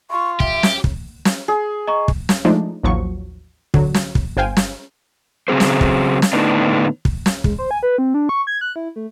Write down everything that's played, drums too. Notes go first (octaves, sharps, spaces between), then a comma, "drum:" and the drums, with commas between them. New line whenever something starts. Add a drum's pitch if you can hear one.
F4 C#6
G4 E5, drum: kick
drum: snare
drum: kick
drum: snare
G#4
D#5 A#5 C#6
drum: kick
drum: snare
F3 G#3 A3 D4 D#4
A1 D#2 F3 F#3 C#6
D3 F#3, drum: kick
drum: snare
drum: kick
G1 C5 F5 G5 G#5
drum: snare
C#3 F#3 C4 G#4 C5
drum: snare
drum: kick
drum: snare
A2 D3 B3 D4 D#4
drum: kick
drum: snare
G#3, drum: kick
C5
G#5
B4
C4
D4
C#6
G#6
F#6
E4
A3